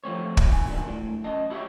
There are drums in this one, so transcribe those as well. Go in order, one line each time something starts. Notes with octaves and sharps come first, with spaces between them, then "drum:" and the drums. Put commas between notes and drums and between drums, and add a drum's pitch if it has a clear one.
F3 A3 C4 C#5
drum: kick
D#3 G#5
A#2 F#3 D4
A2
F#2 D#5 A5
E4 F#4 G4 B4 C#5 E5